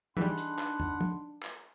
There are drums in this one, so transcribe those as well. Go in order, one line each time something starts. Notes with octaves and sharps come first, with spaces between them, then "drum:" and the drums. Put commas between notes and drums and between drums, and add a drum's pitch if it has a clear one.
E3 G3 D4 D#4 G#4 F#5 B5 C6, drum: tom
drum: hi-hat
drum: clap
drum: tom
drum: tom
drum: clap